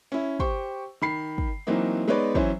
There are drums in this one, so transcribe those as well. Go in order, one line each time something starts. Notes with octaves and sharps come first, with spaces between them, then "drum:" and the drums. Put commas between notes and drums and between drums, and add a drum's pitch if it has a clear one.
C#4 E4
G4 C5 G5 C#6, drum: kick
D#3 B5 C7
drum: kick
E3 F#3 A#3 C4 D#4
G#3 B3 D#4 B4 C#5 D5
E3 F#3 C#4 E4 C5 C#5, drum: kick